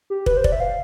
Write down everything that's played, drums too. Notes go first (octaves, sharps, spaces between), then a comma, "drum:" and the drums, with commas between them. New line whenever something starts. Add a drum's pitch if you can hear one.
G4
B4, drum: kick
C5
D5, drum: kick
E5
F5